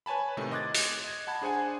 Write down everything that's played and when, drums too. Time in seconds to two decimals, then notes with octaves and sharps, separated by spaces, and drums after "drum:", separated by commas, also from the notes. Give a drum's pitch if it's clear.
0.06 B4 C#5 G#5 A5 B5
0.37 A2 C3 D#3 A3
0.51 D#5 C6 D6 F#6 G#6 A6
0.75 drum: open hi-hat
1.04 D#5 G#6
1.27 F#5 A5 B5 G#6
1.42 D4 G#4 C5 F#5 G#5